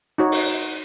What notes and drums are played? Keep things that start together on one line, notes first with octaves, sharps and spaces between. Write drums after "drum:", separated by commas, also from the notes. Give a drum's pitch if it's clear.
D#4 F#4 C#5
drum: open hi-hat